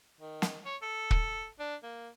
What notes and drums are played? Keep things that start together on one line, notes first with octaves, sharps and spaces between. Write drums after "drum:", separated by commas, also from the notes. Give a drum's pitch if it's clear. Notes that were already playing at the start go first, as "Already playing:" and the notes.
D#3
drum: snare
C#5
A4
drum: kick
D4
A#3